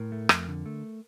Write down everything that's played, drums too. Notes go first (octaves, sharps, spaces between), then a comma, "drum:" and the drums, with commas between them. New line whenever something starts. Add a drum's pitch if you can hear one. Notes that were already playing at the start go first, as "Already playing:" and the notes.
Already playing: A2 A#4
A3
F2, drum: rim click
D3
A3